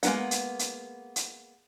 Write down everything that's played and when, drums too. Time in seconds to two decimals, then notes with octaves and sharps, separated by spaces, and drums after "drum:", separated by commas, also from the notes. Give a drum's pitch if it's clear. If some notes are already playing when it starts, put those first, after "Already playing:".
0.03 G#3 A#3 B3 D#4 F#5, drum: hi-hat
0.31 drum: hi-hat
0.59 drum: hi-hat
1.16 drum: hi-hat